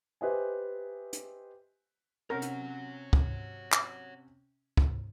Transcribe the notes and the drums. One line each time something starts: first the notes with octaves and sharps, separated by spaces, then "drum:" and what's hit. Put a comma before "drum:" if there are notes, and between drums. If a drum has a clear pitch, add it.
G4 B4 C5 D#5 E5 G#5
drum: hi-hat
C3 C#4 A#4 C#5 F#5 A#6
drum: hi-hat
drum: kick
drum: clap
drum: kick